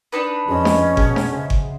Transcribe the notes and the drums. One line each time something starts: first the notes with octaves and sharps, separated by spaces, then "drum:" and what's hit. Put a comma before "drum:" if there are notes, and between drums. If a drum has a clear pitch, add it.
D4 D#4 B4
F2 G#3 C#4 D#5
drum: snare D4
B2 G#4 F#5, drum: kick G1
drum: snare D4
C#3 C5 E5
drum: kick G1